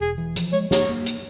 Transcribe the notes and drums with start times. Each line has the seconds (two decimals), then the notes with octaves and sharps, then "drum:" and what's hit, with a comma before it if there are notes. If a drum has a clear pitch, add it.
0.01 E1 G#4
0.18 E3
0.36 F3, drum: hi-hat
0.53 G#3 C#5
0.71 A#3 C#5, drum: snare
0.89 A#3
1.06 drum: hi-hat